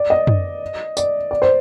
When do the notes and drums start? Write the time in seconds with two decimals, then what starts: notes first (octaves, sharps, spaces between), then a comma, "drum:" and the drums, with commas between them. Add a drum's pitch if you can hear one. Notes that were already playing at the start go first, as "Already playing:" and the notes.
Already playing: D5
0.10 D#5
0.27 drum: tom
0.97 D5, drum: tambourine
1.31 D5
1.42 C5